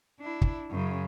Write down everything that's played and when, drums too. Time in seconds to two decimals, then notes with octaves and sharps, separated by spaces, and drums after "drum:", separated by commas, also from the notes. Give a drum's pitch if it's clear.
0.20 D4 E4
0.41 drum: kick
0.71 F#2 C#3